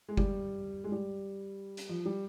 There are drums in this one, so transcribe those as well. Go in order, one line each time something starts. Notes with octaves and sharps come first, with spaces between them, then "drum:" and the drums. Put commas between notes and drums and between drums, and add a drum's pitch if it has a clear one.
G#3
G3, drum: kick F#1
G#3
G3
drum: hi-hat
F3
G3